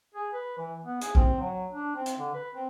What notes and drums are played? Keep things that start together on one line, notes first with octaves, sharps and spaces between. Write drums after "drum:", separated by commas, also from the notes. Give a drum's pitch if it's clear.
G#4
B4
E3
B3
G#4, drum: hi-hat
C4, drum: kick A#1
F#3
D4
C4
drum: hi-hat
D3
B4
C4